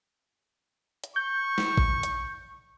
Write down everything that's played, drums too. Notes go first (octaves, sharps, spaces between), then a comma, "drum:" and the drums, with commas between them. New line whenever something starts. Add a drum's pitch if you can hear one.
drum: hi-hat
C#6 G6
drum: snare
drum: kick A1
drum: hi-hat